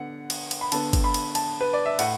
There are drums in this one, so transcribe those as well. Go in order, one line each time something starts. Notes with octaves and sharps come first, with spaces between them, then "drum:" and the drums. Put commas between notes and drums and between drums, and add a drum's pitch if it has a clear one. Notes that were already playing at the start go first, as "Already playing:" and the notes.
Already playing: D3 B3 F#5
drum: cymbal
drum: cymbal
B5
D3 B3 A5, drum: cymbal
drum: kick, cymbal
B5
drum: cymbal
A5, drum: cymbal
B4
D5
E5
A2 F#5, drum: cymbal